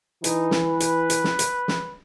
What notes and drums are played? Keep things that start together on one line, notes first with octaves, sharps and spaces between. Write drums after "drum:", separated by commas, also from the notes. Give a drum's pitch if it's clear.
E3 D#4, drum: hi-hat
drum: snare
B4
drum: hi-hat
drum: hi-hat
drum: snare
drum: hi-hat
drum: snare